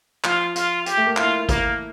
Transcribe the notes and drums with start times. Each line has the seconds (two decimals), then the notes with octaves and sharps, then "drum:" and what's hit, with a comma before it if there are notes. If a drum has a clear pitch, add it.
0.24 F3 F4, drum: clap
0.56 F4, drum: hi-hat
0.86 G4, drum: hi-hat
0.97 A3
1.06 A#3
1.17 E4 F4, drum: clap
1.49 A#3, drum: kick G#1, hi-hat